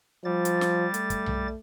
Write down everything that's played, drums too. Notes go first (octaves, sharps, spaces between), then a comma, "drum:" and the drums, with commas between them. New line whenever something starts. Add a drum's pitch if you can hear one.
F3 G3 A6
drum: hi-hat
drum: snare
A3, drum: hi-hat
drum: kick, hi-hat
drum: tom B1